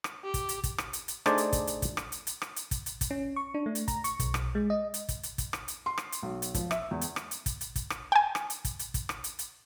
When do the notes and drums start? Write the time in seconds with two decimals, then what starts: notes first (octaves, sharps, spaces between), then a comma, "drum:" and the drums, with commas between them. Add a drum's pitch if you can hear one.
0.04 drum: rim click
0.24 G4
0.34 drum: kick, hi-hat
0.49 drum: hi-hat
0.64 drum: kick, hi-hat
0.78 drum: rim click
0.93 drum: hi-hat
1.08 drum: hi-hat
1.26 A3 D4 D#4 G#4 C5 D5, drum: rim click
1.38 drum: hi-hat
1.53 drum: kick, hi-hat
1.67 drum: hi-hat
1.82 drum: kick, hi-hat
1.97 drum: rim click
2.12 drum: hi-hat
2.27 drum: hi-hat
2.42 drum: rim click
2.56 drum: hi-hat
2.71 drum: kick, hi-hat
2.86 drum: hi-hat
3.01 drum: kick, hi-hat
3.11 C#4
3.36 C#6
3.54 D4
3.66 A3
3.75 drum: hi-hat
3.88 A#5, drum: kick, hi-hat
4.04 C#6, drum: hi-hat
4.20 B1, drum: kick, hi-hat
4.34 B1, drum: rim click
4.55 G#3
4.70 D#5
4.94 drum: hi-hat
5.09 drum: kick, hi-hat
5.23 drum: hi-hat
5.38 drum: kick, hi-hat
5.53 drum: rim click
5.68 drum: hi-hat
5.86 C6
5.98 drum: rim click
6.12 drum: hi-hat
6.23 B1
6.42 drum: hi-hat
6.54 F3, drum: kick, hi-hat
6.71 E5, drum: rim click
6.91 E2
7.01 drum: hi-hat
7.16 drum: rim click
7.31 drum: hi-hat
7.46 drum: kick, hi-hat
7.61 drum: hi-hat
7.76 drum: kick, hi-hat
7.90 drum: rim click
8.12 G5 G#5
8.35 drum: rim click
8.50 drum: hi-hat
8.65 drum: kick, hi-hat
8.79 drum: hi-hat
8.94 drum: kick, hi-hat
9.09 drum: rim click
9.24 drum: hi-hat
9.39 drum: hi-hat